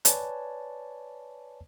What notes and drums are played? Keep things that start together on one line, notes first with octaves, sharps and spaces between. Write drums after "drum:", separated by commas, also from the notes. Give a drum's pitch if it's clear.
B4 C#5 D5 G#5 A5, drum: hi-hat